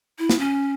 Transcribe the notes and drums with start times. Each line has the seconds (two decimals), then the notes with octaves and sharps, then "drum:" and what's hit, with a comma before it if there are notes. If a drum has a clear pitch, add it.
0.19 E4
0.30 drum: snare
0.39 C#4